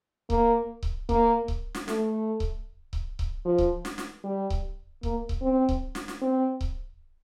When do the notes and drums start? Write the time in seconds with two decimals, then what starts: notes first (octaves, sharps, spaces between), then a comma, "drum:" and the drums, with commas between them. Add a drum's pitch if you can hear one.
0.30 A#3, drum: kick C#1
0.83 drum: kick C#1
1.09 A#3, drum: kick C#1
1.48 drum: kick C#1
1.75 drum: snare
1.88 A3, drum: snare
2.40 drum: kick C#1
2.93 drum: kick C#1
3.19 drum: kick C#1
3.45 F3
3.58 drum: kick C#1
3.85 drum: snare
3.98 drum: snare
4.24 G3
4.50 drum: kick C#1
5.03 A#3, drum: kick C#1
5.29 drum: kick C#1
5.42 C4
5.69 drum: kick C#1
5.95 drum: snare
6.08 drum: snare
6.22 C4
6.61 drum: kick C#1